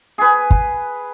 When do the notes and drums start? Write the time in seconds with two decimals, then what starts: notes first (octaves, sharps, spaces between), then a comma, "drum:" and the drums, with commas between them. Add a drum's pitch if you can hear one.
0.18 G#4 B4
0.51 drum: kick